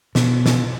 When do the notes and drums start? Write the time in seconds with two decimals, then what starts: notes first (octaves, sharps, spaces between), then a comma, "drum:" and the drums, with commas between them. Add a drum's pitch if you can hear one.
0.15 B2, drum: snare
0.46 drum: snare